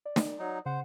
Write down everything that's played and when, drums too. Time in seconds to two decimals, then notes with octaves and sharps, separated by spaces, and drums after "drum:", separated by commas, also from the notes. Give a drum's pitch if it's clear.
0.05 D5
0.16 drum: snare
0.39 F#3 D#4
0.66 C#3 C5 F#5